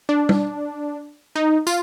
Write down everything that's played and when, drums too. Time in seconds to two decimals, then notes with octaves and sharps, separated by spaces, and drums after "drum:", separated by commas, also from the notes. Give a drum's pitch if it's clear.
0.09 D4
0.29 drum: tom
1.36 D#4
1.67 F4, drum: tambourine